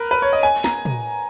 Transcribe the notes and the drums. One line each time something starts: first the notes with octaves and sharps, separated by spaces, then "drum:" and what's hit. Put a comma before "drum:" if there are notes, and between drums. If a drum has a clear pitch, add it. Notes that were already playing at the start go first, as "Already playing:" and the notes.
Already playing: A#4 B4
B4
C#5
D#5
G#5
A#5, drum: snare
drum: tom